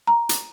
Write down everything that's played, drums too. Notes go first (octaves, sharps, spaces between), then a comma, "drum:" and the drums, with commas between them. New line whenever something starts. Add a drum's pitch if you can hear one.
A#5
drum: hi-hat